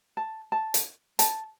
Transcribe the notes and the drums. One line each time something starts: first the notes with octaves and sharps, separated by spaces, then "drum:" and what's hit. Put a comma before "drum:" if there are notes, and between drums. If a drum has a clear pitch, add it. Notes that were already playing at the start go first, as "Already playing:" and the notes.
A5
A5
drum: hi-hat
A5, drum: hi-hat